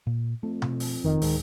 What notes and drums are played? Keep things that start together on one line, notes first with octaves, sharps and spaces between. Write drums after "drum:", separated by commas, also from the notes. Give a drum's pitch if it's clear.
A#2
F2 A3
drum: tom B2
drum: open hi-hat
F1 D#3
D1 G#2, drum: open hi-hat